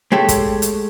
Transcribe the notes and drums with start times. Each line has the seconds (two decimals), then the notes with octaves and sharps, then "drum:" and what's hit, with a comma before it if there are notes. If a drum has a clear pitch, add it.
0.12 G#3 A3 G4 A4 C#5
0.29 drum: kick, hi-hat
0.62 drum: hi-hat